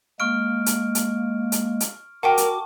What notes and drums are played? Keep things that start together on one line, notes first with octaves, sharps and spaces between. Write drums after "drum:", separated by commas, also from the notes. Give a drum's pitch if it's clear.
G#3 A#3 C#6 F6 D7
drum: hi-hat
drum: hi-hat
drum: hi-hat
drum: hi-hat
F#4 A#4 F#5 G5 A5 C#6 D6
drum: hi-hat